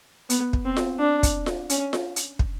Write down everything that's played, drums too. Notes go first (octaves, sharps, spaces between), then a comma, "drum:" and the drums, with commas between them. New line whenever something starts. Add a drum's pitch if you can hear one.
B3, drum: hi-hat
drum: kick
C4
drum: snare F4
D4
drum: kick, hi-hat
drum: snare F4
C#4, drum: hi-hat
drum: snare F4
drum: hi-hat
drum: kick